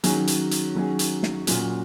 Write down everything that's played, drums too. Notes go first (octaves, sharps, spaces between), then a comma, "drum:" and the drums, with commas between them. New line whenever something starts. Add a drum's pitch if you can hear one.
D#3 F#3 C#4 G#4, drum: hi-hat
drum: hi-hat
drum: hi-hat
D#3 F#3 C#4 G#4
drum: hi-hat
drum: snare
A#2 F#3 C#4 F4, drum: hi-hat